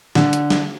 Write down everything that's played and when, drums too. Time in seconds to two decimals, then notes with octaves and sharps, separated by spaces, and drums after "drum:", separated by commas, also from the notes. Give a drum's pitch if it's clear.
0.15 D3, drum: snare
0.33 drum: hi-hat
0.50 drum: snare